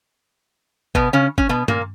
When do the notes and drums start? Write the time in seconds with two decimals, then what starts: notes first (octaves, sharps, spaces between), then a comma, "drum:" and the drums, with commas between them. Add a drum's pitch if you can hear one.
0.95 B2 B3, drum: kick G1
1.13 C#3 C#4
1.38 C#4, drum: kick G1
1.49 B2 B3
1.68 A#2 A#3, drum: tom G2